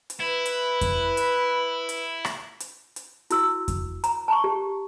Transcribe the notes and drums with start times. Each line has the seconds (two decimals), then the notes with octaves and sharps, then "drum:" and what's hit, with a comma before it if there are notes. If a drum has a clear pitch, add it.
0.10 drum: hi-hat
0.20 E4 B4
0.46 drum: hi-hat
0.81 drum: kick F2, hi-hat
1.17 drum: hi-hat
1.89 drum: hi-hat
2.25 drum: rim click
2.60 drum: hi-hat
2.96 drum: hi-hat
3.30 E4 F#4 E6, drum: hi-hat
3.68 drum: kick F2, hi-hat
4.04 A#5, drum: hi-hat
4.28 A5 A#5 C#6
4.44 G4